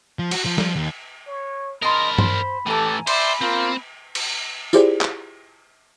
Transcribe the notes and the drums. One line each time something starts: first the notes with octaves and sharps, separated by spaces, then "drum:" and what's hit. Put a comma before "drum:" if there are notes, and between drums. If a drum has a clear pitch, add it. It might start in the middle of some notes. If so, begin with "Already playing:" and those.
F3
F#4, drum: cymbal
F3
F3, drum: snare
D#2
C#5
D4 A#4 D#5 B5 C6
C5, drum: tom G2
A2 E3 G4 A4 G#5 A#5
C5 D5 E5 B5 C6, drum: cymbal
A#3 C4 F4
drum: cymbal
E4 F4 G4 G#4 C5 D5, drum: tambourine
drum: clap